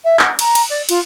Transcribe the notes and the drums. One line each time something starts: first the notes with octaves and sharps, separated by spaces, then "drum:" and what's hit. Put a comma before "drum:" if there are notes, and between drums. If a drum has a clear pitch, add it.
E5
F#5, drum: clap
A#5, drum: cymbal
drum: cymbal
D5
F4, drum: cymbal